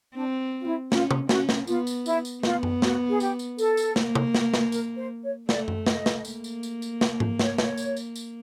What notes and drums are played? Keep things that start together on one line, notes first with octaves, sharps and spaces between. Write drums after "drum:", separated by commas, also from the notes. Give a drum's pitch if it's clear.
C4 D4
F4
E4
C#4 F4, drum: snare
drum: tom C3
C#4 F#4, drum: snare
drum: snare
B3 F4, drum: tambourine
drum: tambourine
E4, drum: tambourine
drum: tambourine
B3 F4, drum: snare
drum: tom F#2
F#4, drum: snare
G#4
G4, drum: tambourine
drum: tambourine
A4, drum: tambourine
drum: tambourine
A#3, drum: snare
drum: tom C3
drum: snare
drum: snare
A#4, drum: tambourine
C5
C#5
A3 D5, drum: snare
drum: tom F#2
D#5, drum: snare
drum: snare
A#3, drum: tambourine
drum: tambourine
drum: tambourine
drum: tambourine
drum: snare
drum: tom G#2
C#5, drum: snare
drum: snare
drum: tambourine
drum: tambourine
drum: tambourine